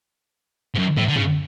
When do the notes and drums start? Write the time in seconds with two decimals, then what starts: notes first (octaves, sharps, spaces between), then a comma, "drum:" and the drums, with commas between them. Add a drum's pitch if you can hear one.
0.75 G#2
0.78 F#2
0.97 A2, drum: tom
1.08 D3
1.16 C#3, drum: tom F#2